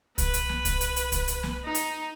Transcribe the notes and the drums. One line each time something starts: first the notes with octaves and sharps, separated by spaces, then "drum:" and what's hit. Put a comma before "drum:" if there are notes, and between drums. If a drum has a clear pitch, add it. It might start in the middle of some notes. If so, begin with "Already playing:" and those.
B4, drum: kick C2, hi-hat
drum: hi-hat
drum: snare
drum: kick C2, hi-hat
drum: hi-hat
drum: hi-hat
drum: kick C2, hi-hat
drum: hi-hat
drum: snare
D#4
drum: hi-hat